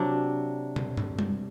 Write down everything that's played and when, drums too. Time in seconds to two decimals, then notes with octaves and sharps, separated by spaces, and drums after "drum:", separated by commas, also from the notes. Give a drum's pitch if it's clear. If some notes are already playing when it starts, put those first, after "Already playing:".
Already playing: C3 F#3 D4
0.76 drum: tom
0.97 drum: tom
1.19 drum: tom G3